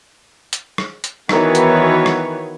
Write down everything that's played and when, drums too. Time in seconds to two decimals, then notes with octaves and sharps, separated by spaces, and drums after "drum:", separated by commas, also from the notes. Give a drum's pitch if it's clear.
0.53 drum: hi-hat
0.78 drum: rim click
1.04 drum: hi-hat
1.29 D#3 E3 B3 F#4 B4 C#5, drum: rim click
1.55 drum: hi-hat
2.06 drum: rim click